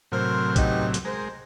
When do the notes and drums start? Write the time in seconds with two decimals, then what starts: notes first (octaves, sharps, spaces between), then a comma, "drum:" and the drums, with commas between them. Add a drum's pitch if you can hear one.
0.12 A2 C3 F#3 A#4 C5
0.56 B3 D#4 G4, drum: kick, hi-hat
0.94 drum: hi-hat
1.05 G#3 A#4 C5